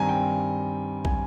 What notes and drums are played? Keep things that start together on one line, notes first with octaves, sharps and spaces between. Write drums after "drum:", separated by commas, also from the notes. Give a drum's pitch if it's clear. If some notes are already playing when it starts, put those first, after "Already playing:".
Already playing: G2 D#3 G3 C4 G#5 A#5
G5
G#5, drum: kick